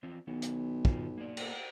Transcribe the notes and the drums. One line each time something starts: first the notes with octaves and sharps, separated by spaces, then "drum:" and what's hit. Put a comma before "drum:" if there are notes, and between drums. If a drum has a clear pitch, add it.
E3 C4 F4
B1 D#3 B3
drum: hi-hat
D3 D#4 F4, drum: kick
A#3 B3 D5
drum: cymbal